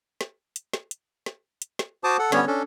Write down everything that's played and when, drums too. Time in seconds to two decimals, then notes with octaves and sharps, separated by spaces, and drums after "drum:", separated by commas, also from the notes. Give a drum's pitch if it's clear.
0.21 drum: snare
0.56 drum: hi-hat
0.73 drum: snare
0.91 drum: hi-hat
1.26 drum: snare
1.62 drum: hi-hat
1.79 drum: snare
2.04 F#4 C5 A5 D6 D#6
2.19 A4 F#5
2.32 D3 G3 B3 C#4 C#5, drum: snare
2.47 C#4 D4 A4